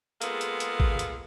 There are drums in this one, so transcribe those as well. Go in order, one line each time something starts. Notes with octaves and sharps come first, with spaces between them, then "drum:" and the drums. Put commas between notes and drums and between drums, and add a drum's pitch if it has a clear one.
G#3 A#3 B3 F4 G#4 A4, drum: hi-hat
drum: hi-hat
drum: hi-hat
drum: kick
drum: hi-hat